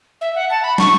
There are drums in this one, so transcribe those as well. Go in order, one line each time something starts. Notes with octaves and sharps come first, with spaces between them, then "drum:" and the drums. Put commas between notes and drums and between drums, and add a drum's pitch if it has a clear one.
E5
F#5
A5
B5
C#6, drum: snare